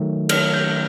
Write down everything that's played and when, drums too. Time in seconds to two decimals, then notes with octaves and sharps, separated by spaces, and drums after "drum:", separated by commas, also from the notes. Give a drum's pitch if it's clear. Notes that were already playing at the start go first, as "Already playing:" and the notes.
Already playing: D#3 F#3 A3
0.29 F6, drum: cymbal
0.54 G6